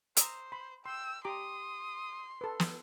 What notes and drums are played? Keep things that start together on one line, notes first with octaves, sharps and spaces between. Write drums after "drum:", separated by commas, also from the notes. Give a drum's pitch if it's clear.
C5 A#5 D#6 E6, drum: hi-hat
B5 C6
G5 C6 E6
G4 A#5 C6 D6 D#6
A4 B4
drum: snare